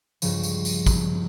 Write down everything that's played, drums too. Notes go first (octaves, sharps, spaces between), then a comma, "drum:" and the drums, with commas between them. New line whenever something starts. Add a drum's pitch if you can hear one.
C#2 G2 C#3 F3, drum: tambourine
drum: tambourine
drum: tambourine
drum: kick, tambourine